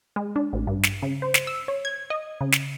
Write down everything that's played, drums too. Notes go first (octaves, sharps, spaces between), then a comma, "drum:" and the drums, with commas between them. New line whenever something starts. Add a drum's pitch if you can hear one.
G#3
D4
A1
G2
drum: snare
C#3
C5
drum: snare
E6
C#5
G#6
D#5
C#3
drum: snare